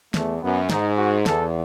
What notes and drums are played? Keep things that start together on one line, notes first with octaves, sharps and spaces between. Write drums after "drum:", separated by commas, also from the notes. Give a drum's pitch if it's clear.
E2 A3, drum: snare
F#2 B3
G#2 D#4, drum: snare
F#4
E2 A4, drum: snare